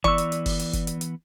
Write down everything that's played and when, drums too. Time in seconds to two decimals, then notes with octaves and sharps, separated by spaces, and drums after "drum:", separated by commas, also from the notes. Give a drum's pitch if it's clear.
0.04 E3 B3 D5 C#6 E6, drum: kick F#1
0.18 drum: hi-hat
0.32 drum: hi-hat
0.46 drum: kick F#1, open hi-hat
0.59 drum: hi-hat
0.73 drum: kick F#1, hi-hat
0.87 drum: hi-hat
1.01 drum: hi-hat